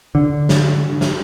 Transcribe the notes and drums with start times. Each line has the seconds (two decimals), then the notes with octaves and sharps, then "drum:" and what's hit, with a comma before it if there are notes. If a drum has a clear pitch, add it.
0.15 D3
0.49 drum: snare
1.01 drum: snare